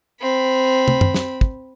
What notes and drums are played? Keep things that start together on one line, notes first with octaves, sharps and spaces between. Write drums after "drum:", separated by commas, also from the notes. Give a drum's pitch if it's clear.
C4 B5
drum: tom
drum: tom F#2
drum: snare
drum: kick